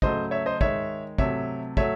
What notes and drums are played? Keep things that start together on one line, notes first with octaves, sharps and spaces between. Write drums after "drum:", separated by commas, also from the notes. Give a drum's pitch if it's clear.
C#3 F#3 A3 C5 D#5, drum: kick
C#5 E5
C5 D#5
D#3 G#3 C#5 E5, drum: kick
C3 F#3 A3 C#5 E5, drum: kick
F#3 A3 C#5 E5, drum: kick